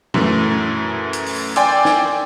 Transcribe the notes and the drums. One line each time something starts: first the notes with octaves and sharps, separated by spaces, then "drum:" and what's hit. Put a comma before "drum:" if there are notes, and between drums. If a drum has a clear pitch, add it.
F#2 E3 A3, drum: tom A#2
drum: hi-hat
drum: open hi-hat
D5 G5 G#5 C6 D6 E6, drum: hi-hat
drum: snare